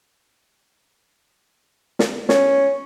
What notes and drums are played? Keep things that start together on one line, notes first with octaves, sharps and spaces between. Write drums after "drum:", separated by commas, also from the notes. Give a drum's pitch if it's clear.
drum: snare
C#4, drum: snare